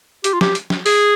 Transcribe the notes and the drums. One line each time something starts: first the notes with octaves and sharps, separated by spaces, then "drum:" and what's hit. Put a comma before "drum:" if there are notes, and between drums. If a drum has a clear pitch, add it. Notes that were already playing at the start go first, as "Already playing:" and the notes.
G4, drum: hi-hat
F4
G4, drum: snare
drum: hi-hat
drum: snare
G#4, drum: open hi-hat